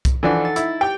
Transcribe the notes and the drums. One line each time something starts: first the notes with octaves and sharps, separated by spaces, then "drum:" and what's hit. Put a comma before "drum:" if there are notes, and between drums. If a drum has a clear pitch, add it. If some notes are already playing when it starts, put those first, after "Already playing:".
drum: kick C2, hi-hat
E3 F3 D4 A4 F#5
D#4 A6
E4, drum: hi-hat
G4 G5